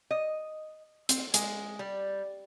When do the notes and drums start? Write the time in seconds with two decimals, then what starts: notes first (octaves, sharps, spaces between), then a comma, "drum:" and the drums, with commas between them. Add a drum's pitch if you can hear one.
0.11 D#5
1.09 C4, drum: hi-hat
1.34 G#3, drum: hi-hat
1.79 G3